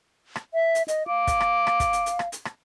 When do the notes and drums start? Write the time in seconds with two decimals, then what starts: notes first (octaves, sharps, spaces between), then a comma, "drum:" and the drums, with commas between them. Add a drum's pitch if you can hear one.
0.36 drum: rim click
0.54 E5
0.75 drum: hi-hat
0.88 D#5, drum: hi-hat
1.08 F5 D6
1.27 drum: kick, hi-hat
1.40 drum: rim click
1.67 drum: rim click
1.80 drum: kick, hi-hat
1.93 drum: hi-hat
2.06 drum: hi-hat
2.19 drum: rim click
2.32 drum: hi-hat
2.45 drum: rim click